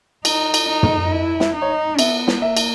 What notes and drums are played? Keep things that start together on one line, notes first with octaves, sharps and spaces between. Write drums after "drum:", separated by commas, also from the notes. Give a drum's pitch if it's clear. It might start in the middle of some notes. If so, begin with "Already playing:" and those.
D#4, drum: cymbal
drum: cymbal
D#4
drum: tom
E4 D#5
E5, drum: snare
D#4
C#5
D#5
B3 E5, drum: cymbal
drum: snare
A#3 E5
drum: cymbal